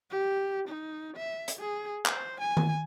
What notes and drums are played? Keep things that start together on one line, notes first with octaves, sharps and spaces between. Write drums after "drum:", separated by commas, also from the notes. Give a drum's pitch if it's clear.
G4
D#4
E5
drum: hi-hat
G#4
C5, drum: clap
G#5
drum: tom D#3